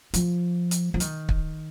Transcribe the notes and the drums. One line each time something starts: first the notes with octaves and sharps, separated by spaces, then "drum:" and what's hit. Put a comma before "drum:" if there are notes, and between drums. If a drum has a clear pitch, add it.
F3, drum: hi-hat
drum: hi-hat
F3
D#3, drum: hi-hat
drum: kick